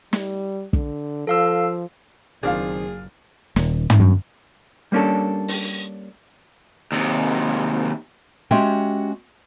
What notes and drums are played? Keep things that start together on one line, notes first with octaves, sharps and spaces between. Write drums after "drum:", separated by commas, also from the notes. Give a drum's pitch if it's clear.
G3, drum: snare
D3, drum: kick
F3 A4 F5 E6
F#1 D#3 C4 D4 F4 G#4 F5
D#1, drum: snare
drum: tom
F#2
G3 A#3 C#4 D4 A4
drum: open hi-hat
D#2 C3
G#3 C#4 F#4 G4 E5 G5